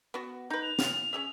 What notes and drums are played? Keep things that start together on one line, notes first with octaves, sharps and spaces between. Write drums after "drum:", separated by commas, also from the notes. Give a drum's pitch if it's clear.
B3 F#4
D#4 B4 G6
F7
F4 F5, drum: snare
C#4 G#4 E5